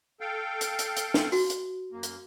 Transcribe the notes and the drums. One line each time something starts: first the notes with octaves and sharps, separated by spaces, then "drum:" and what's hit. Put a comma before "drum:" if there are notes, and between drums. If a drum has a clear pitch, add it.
A4 F5 G5
drum: hi-hat
drum: hi-hat
drum: hi-hat
drum: snare
F#4, drum: open hi-hat
drum: hi-hat
F#2 A#3
drum: hi-hat